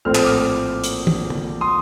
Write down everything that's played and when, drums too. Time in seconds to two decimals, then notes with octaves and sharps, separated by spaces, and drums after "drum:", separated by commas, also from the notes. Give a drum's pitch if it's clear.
0.05 A#1 A2 A3 C4 F6
0.15 D#6, drum: clap
0.24 D6 F6
0.84 drum: hi-hat
1.07 drum: tom
1.30 drum: tom
1.61 C6 D#6